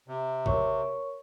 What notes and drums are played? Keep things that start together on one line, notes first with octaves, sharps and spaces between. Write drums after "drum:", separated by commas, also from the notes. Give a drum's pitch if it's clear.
C3
A#4 C#5 C#6, drum: kick A1